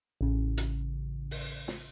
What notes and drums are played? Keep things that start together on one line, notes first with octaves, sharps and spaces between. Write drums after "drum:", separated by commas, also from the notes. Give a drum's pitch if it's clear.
A1 C#3
drum: hi-hat
drum: open hi-hat
drum: snare